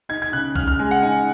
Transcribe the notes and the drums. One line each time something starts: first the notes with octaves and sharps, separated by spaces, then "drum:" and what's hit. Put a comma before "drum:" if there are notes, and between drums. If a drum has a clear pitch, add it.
D#4 G#6
G#6
C#3 F#6
C#3 F6, drum: kick B1
F6
G#3 G#5
F#5
D#4 G#5